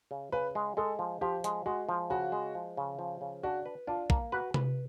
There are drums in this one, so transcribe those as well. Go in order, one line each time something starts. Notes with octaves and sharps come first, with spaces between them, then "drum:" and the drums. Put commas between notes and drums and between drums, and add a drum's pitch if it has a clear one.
C#3
C#3 B4
G#3
G#3 A4
F3
F3 G4
G#3, drum: hi-hat
G#3 F#4
F3
C#3 F#4
G#3
F3
C#3
F3
C#3
D4 F#4
B4
D4 F4
A#3, drum: kick
F#4 B4
B4, drum: tom C3